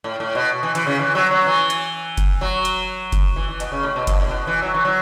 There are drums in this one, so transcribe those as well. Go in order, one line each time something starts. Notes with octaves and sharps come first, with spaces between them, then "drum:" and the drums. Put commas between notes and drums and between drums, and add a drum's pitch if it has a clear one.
A2
A2
B2
E3
E3, drum: hi-hat
C#3
E3
F#3
F#3
E3
drum: hi-hat
drum: kick F#1, hi-hat
F#3
drum: hi-hat
drum: kick F#1, hi-hat
E3
E3
B2, drum: hi-hat
C#3
A2
B2
B2, drum: kick F#1, hi-hat
A2
B2
E3
F#3
E3
F#3